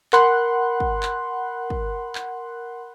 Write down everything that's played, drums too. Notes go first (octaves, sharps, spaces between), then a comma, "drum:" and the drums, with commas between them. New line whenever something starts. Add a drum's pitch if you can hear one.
A#4 F#5 B5 C6 F#6, drum: clap
drum: kick
drum: clap
drum: kick
drum: clap